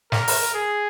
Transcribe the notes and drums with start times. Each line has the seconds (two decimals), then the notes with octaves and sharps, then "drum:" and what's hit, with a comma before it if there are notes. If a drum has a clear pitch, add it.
0.12 A#4, drum: snare
0.28 drum: open hi-hat
0.54 G#4